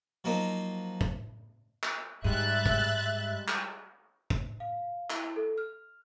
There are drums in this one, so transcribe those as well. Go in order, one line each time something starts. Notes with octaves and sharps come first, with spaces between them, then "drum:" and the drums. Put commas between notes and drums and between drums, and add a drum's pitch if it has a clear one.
F3 F#3 A#3 D#4
drum: kick
drum: clap
G#2 G3 G#3 E5 F#6 A6
drum: kick
drum: clap
drum: kick
F5
E4, drum: clap
A4
F6